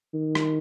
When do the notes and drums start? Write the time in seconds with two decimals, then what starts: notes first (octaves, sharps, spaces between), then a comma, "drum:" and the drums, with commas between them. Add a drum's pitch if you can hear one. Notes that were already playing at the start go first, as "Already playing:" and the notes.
0.13 D#3
0.35 drum: rim click